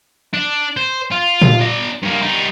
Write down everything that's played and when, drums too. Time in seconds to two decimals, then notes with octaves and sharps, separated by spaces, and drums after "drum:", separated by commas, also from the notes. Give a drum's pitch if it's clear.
0.34 D4
0.77 C5
1.12 F4
1.42 drum: tom A#2
1.61 D4 A#5
2.02 G2 A#3
2.22 G3 D#4